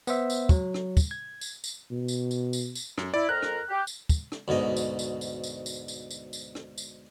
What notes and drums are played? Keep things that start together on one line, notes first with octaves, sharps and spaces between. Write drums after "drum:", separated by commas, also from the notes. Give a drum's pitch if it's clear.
B3 C5 E5, drum: tambourine
drum: tambourine
F#3, drum: kick, tambourine
drum: rim click
drum: kick, tambourine
G#6
drum: tambourine
drum: tambourine
B2
drum: tambourine
drum: tambourine
drum: tambourine
drum: tambourine
F#2, drum: rim click
E4 D5
F2 A#4 F#6
drum: rim click
G4
drum: tambourine
drum: kick, tambourine
drum: rim click
D2 G#2 B2 D#5
drum: tambourine
drum: tambourine
drum: tambourine
drum: tambourine
drum: tambourine
drum: tambourine
drum: tambourine
drum: tambourine
drum: rim click
drum: tambourine